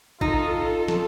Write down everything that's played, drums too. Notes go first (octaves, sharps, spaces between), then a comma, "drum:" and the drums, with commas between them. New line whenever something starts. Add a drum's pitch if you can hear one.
D#4 F4 A4, drum: kick G#1
drum: snare